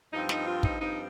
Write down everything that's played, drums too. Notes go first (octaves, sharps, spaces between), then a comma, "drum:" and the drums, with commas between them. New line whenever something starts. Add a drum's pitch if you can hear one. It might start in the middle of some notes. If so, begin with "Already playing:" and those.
G2 F3 C4 D#4
D#4, drum: snare
F4
D#4, drum: kick
G2 F3 C4 D#4